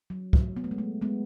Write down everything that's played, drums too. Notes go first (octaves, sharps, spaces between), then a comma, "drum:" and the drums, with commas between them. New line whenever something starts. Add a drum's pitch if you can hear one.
F#3
F#3, drum: kick
B3
A3
G#3
A3
G#3 B3